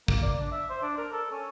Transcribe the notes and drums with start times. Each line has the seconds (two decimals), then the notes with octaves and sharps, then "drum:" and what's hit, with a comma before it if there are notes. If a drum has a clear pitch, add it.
0.08 A#3, drum: kick
0.22 D5
0.40 D4
0.52 E5
0.70 C5
0.82 D4
0.98 A#4
1.12 A4
1.32 C#4